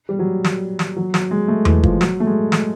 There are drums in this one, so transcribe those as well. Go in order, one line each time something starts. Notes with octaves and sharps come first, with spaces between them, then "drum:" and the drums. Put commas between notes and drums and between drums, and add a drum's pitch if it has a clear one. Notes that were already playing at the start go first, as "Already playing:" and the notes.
G3
F#3
drum: snare
drum: snare
F#3
F#3, drum: snare
G#3
A3
E3, drum: tom E2
F3, drum: kick
F#3, drum: snare
A3
G#3
drum: snare